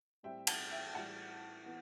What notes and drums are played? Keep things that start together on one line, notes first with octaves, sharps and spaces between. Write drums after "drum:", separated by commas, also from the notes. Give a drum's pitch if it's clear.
A2 G3 C4 E5 G5
F#5 A5, drum: cymbal
E5 G5
G5
A2 E3 G3 F#5 A5
E3 B3